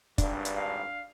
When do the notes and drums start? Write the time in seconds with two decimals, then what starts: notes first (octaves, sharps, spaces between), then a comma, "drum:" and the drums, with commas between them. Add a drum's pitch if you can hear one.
0.18 G#1 G2 D4, drum: kick, hi-hat
0.45 drum: hi-hat
0.56 F5